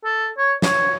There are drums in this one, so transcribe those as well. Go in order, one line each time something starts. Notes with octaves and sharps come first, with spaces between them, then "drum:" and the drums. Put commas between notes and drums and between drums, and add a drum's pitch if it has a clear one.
A4
C#5
C#5, drum: snare